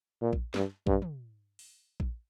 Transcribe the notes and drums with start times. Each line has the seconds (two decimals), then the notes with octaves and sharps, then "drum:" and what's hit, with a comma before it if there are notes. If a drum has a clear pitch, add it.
0.21 A#2
0.33 drum: kick A#1
0.54 G2, drum: snare
0.87 G2, drum: kick A#1
1.02 drum: tom
1.59 drum: open hi-hat
2.00 drum: kick A#1